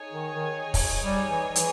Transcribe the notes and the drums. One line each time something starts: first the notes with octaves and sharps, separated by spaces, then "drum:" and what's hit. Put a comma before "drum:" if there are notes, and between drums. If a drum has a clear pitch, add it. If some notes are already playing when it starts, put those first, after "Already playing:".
Already playing: D#4 G#4 C#5 G#5
D#3
D#3
drum: kick, open hi-hat
G3
E3
E3, drum: hi-hat